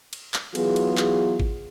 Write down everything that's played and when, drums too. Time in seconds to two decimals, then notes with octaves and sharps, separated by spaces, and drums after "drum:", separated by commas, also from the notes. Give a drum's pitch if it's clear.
0.13 drum: cymbal
0.34 drum: clap
0.55 E3 F#3 B3 F4 G#4, drum: cymbal
0.76 drum: cymbal
0.97 drum: clap
1.40 drum: kick G#1